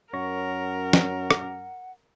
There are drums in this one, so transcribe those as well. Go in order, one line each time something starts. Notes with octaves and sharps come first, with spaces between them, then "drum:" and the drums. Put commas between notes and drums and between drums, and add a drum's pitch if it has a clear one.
F#2 A#4 C#5 F#5 C#6 A#6
drum: snare
drum: rim click